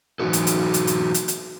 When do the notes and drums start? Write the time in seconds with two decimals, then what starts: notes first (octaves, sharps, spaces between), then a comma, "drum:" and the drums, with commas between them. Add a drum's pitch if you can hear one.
0.20 E3 F#3 G3 D#4 F#4 A4
0.33 drum: hi-hat
0.47 drum: hi-hat
0.74 drum: hi-hat
0.87 drum: hi-hat
1.14 drum: hi-hat
1.28 drum: hi-hat